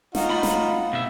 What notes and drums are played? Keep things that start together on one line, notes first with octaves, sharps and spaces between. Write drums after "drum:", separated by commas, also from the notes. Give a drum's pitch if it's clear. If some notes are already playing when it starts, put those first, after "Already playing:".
D#4 F4 F#4, drum: snare
A3 B5
drum: snare
B2 E5